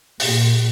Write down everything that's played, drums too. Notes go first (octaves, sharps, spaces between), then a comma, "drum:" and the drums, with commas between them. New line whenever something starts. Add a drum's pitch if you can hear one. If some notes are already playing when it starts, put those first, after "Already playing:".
A#2, drum: open hi-hat